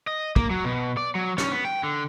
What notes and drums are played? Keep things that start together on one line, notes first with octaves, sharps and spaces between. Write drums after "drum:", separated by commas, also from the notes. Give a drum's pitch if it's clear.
D#5
A#3, drum: kick
F#3
B2
D5
F#3
C#4, drum: snare
B3
G5
D3